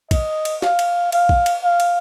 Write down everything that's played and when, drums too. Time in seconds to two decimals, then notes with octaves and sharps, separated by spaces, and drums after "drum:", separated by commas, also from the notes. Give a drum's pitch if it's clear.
0.11 D#5, drum: kick, cymbal
0.45 drum: cymbal
0.62 F5, drum: snare
0.79 drum: cymbal
1.12 F5, drum: cymbal
1.29 drum: kick
1.46 drum: cymbal
1.63 F5
1.80 drum: cymbal